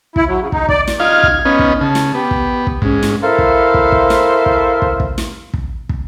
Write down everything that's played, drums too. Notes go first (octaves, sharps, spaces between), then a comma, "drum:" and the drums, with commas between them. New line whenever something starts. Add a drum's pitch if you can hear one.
E4, drum: kick
F#3
C#3
D#4, drum: kick
D5, drum: kick
drum: snare
D#4 F4 F5 F6 G#6
drum: kick
B3 C#4 D#4
drum: kick
C#3 A5
drum: snare
B3 G4
drum: kick
drum: kick
G#2 C#4 G#4, drum: kick
drum: snare
E4 A4 A#4 C5 E5 F5
drum: kick
drum: kick
drum: kick
drum: snare
drum: kick
drum: kick
drum: kick
drum: snare
drum: kick
drum: kick